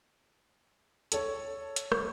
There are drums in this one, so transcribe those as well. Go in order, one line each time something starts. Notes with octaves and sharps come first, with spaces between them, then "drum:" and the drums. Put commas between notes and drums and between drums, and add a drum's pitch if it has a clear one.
A4 C#5, drum: hi-hat
drum: hi-hat
drum: rim click